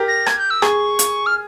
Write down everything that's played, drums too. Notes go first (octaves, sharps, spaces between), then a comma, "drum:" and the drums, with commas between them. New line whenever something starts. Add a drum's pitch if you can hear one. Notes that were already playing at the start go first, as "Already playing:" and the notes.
Already playing: G4 A#4
A#6
G#6, drum: rim click
G6
E6
G#4 C#6, drum: rim click
drum: hi-hat
F6